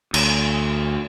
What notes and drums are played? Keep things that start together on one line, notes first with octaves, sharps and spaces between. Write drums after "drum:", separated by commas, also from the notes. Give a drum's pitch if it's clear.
D2, drum: cymbal